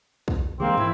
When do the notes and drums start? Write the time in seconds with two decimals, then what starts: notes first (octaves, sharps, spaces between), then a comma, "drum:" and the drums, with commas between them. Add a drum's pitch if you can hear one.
0.28 drum: kick B1
0.60 D3 E3 G#3 A#3 C4 G#4
0.78 E3 E4 A#4, drum: tom